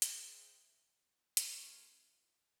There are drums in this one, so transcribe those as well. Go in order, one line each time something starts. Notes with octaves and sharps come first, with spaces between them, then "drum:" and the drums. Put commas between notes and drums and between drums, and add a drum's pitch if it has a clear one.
G#4 C5 E5 G5, drum: hi-hat
A3 C#4 F4 A#4 C#5, drum: hi-hat